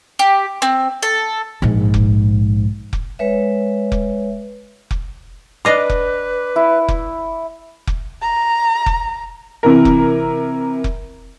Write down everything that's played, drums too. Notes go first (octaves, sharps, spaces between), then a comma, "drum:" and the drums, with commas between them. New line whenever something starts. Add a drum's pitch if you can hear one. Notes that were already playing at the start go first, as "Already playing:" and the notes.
G4
C4
A4
A#1 G#2
drum: kick F1
drum: kick F1
G#3 B4 C#5 E5
drum: kick F1
drum: kick F1
D4 B4 D#5 F5 D6
drum: kick F1
E4
drum: kick F1
drum: kick F1
A#5
drum: kick F1
C3 E3 A#4
drum: kick F1
drum: kick F1